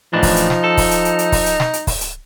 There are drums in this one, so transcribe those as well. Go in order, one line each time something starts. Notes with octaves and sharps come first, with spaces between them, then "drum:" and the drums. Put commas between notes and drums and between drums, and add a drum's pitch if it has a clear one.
A2 E3 F3 D4 D#4
drum: kick, open hi-hat
drum: hi-hat
drum: snare
A4
drum: kick, open hi-hat
drum: hi-hat
drum: hi-hat
drum: hi-hat
drum: kick, open hi-hat
drum: hi-hat
drum: snare
drum: hi-hat
drum: kick, open hi-hat
drum: hi-hat